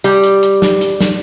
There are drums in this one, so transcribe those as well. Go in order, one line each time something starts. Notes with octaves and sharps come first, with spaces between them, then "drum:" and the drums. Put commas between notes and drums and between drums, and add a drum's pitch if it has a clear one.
G3, drum: hi-hat
drum: hi-hat
drum: hi-hat
drum: snare
drum: hi-hat
drum: snare